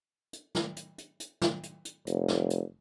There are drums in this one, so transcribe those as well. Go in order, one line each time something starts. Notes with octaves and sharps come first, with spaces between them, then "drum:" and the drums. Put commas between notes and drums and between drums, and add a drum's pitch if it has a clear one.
drum: hi-hat
drum: snare
drum: hi-hat
drum: hi-hat
drum: hi-hat
drum: snare
drum: hi-hat
drum: hi-hat
F1, drum: hi-hat
drum: snare
drum: hi-hat